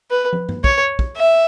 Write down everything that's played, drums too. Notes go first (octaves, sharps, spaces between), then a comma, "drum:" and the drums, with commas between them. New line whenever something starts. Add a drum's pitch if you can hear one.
B4
drum: tom
drum: tom G2
C#5, drum: kick
drum: kick
E5